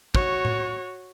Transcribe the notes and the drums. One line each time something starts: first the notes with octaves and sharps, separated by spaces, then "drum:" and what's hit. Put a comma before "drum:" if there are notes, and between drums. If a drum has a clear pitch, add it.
F#4 C#5, drum: kick
drum: tom A2